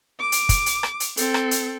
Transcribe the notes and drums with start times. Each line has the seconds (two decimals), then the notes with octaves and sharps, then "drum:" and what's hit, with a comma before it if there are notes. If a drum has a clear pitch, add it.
0.20 D6
0.32 drum: hi-hat
0.49 drum: kick, hi-hat
0.66 drum: hi-hat
0.83 drum: rim click
1.00 drum: hi-hat
1.17 C4 A4, drum: hi-hat
1.34 drum: rim click
1.51 drum: hi-hat